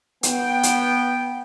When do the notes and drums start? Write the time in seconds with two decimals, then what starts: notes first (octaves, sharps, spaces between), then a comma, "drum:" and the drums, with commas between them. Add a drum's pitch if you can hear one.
0.23 B3 G5, drum: hi-hat
0.63 drum: hi-hat